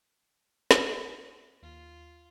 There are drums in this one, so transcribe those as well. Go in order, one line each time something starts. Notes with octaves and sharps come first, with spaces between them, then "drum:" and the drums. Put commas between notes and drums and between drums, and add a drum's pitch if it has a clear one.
drum: snare
D#2 F4